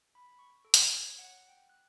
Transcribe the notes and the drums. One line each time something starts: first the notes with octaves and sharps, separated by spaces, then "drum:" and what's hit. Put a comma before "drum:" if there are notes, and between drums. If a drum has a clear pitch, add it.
B5
C#6
A4
drum: hi-hat
C#5
F#5
G5
F#6